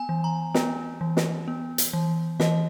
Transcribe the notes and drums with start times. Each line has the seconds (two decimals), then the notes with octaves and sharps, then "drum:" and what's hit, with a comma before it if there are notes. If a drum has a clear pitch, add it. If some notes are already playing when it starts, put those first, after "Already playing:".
Already playing: B3 G#5
0.09 E3
0.24 A#5
0.54 B3, drum: snare
1.01 E3
1.17 drum: snare
1.48 B3
1.78 drum: hi-hat
1.93 E3
2.40 E3 D#5, drum: snare